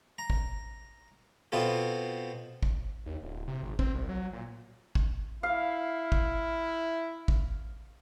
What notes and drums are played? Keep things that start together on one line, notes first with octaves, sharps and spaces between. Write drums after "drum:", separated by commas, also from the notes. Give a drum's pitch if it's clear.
A#5
drum: kick
B2 B3 C4 F4 A4
drum: kick
D#2
D1
C3
G#1
C4, drum: kick
C2
F#3
A#2
drum: kick
E4 F5
drum: kick
drum: kick